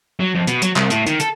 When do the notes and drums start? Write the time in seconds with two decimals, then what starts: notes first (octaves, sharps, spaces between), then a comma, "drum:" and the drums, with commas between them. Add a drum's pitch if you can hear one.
0.20 F#3
0.35 F2
0.47 B2, drum: hi-hat
0.62 F#3, drum: hi-hat
0.76 C2, drum: clap
0.90 A2, drum: hi-hat
1.07 D#3, drum: hi-hat
1.20 A4, drum: hi-hat